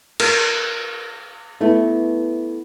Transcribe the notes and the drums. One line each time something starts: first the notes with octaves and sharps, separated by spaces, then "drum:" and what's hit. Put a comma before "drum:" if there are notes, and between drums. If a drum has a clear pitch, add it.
A#4, drum: cymbal
A3 B3 E4